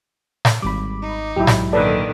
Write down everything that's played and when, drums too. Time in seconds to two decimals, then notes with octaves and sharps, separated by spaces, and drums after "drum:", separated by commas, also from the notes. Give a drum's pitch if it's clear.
0.45 drum: snare
0.62 G#1 G3 B5 D6
1.02 D#4
1.36 B1 G#2 F#3 E4 G4
1.47 drum: snare
1.73 A#2 D3 D#3 A4 B4 D5